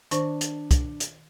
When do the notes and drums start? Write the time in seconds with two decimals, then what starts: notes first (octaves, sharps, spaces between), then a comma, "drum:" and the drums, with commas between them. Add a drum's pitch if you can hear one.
0.11 D#3 D4 C5 C#6, drum: hi-hat
0.41 drum: hi-hat
0.71 drum: kick, hi-hat
1.00 drum: hi-hat